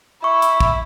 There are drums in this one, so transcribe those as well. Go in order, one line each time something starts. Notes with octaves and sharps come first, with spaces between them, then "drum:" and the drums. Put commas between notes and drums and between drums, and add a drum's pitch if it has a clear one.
E4 C#6
drum: hi-hat
drum: kick